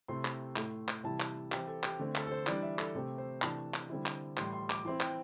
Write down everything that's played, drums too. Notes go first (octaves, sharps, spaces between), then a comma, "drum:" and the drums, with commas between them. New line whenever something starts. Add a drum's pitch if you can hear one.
C3 A3 C4 E4 C6
drum: clap
A2 A3 E4, drum: clap
drum: clap
C3 E3 G3 E4 A5
drum: clap
E3 C4 E4 G4, drum: clap
A4
G4, drum: clap
D3 A3 C4
A4, drum: clap
A4
C5
E3 G3 D4 D5, drum: clap
E5
A4, drum: clap
C3 A3 C4 G4
C5
C3 E3 A3 D4 A5, drum: clap
drum: clap
D3 G3 C4 E4
drum: clap
A2 E3 G3 C6, drum: clap
C6
D6, drum: clap
E3 C4 E4 C6
G5, drum: clap